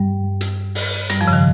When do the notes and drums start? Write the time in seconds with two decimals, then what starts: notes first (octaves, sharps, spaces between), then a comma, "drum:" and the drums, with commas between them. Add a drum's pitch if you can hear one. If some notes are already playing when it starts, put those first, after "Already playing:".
Already playing: G2 G3
0.41 drum: hi-hat
0.75 drum: open hi-hat
1.10 G2 G3, drum: hi-hat
1.21 F2 F3
1.28 C#3
1.33 D#3